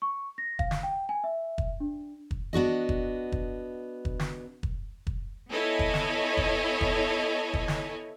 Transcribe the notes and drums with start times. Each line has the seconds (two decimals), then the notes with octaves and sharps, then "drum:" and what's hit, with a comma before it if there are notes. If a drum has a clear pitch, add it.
0.02 C#6
0.38 A#6
0.59 F5, drum: kick
0.71 drum: snare
0.83 G5
1.09 G#5
1.24 E5
1.58 drum: kick
1.80 D4
2.31 drum: kick
2.53 B3 D4 F#4 D#5
2.89 drum: kick
3.32 drum: kick
4.05 drum: kick
4.19 drum: snare
4.63 drum: kick
5.07 drum: kick
5.50 B3 E4 A4 C#5 D#5 G#5
5.79 drum: kick
5.94 drum: snare
6.37 drum: kick
6.81 drum: kick
7.54 drum: kick
7.68 drum: snare